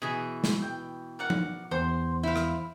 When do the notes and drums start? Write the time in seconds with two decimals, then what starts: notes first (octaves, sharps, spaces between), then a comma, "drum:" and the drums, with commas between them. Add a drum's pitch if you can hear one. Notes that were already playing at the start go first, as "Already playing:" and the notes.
0.02 B2 E3 G#4
0.44 drum: snare
0.62 G5
1.19 A#4 D5 F#5
1.30 drum: tom F3
1.71 E2 C5 C6
2.23 E4 C5 F5
2.36 drum: rim click